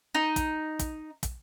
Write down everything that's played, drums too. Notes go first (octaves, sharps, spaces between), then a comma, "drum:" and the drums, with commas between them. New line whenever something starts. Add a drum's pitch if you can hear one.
D#4
drum: kick, hi-hat
drum: kick, hi-hat
drum: kick, hi-hat